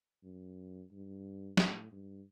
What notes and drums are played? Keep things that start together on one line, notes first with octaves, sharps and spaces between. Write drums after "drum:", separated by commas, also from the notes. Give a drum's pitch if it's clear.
F#2
G2
A2, drum: snare
G2